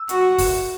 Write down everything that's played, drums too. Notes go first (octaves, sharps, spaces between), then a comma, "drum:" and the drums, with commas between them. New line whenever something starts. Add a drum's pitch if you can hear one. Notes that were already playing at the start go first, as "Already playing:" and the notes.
Already playing: E6
F#4, drum: hi-hat
drum: kick, open hi-hat